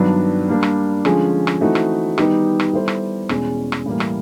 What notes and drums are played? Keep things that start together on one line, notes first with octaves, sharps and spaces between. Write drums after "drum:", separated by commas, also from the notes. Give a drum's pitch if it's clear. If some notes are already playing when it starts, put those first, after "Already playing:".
Already playing: G2 D#3 F#3 B3 D4
G3 A#3 D4
drum: rim click
D3 F3 G#3 C#4, drum: rim click
drum: rim click
E3 A3 C4 D#4 F#4
drum: rim click
D#3 G3 B3 D#4 G4, drum: rim click
drum: rim click
G3 B3 E4 A4 C5
drum: rim click
E2 B2 G#3 C#4, drum: rim click
drum: rim click
A2 E3 G3 A#3
drum: rim click